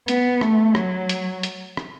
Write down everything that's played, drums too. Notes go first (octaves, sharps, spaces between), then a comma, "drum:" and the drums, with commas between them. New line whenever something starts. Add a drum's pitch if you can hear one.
B3, drum: hi-hat
A3, drum: rim click
F#3, drum: rim click
drum: hi-hat
drum: hi-hat
drum: rim click